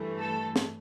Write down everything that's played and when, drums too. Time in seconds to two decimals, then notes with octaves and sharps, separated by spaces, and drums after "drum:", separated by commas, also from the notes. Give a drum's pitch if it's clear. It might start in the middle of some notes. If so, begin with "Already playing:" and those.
Already playing: G2 E3 A3
0.19 A4
0.56 drum: snare